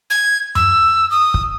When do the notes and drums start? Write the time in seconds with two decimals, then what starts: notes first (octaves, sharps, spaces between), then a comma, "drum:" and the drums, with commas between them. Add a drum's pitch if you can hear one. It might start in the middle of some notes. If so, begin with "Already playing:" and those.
0.10 G#6
0.55 E6, drum: tom F#2
1.10 D#6
1.34 drum: kick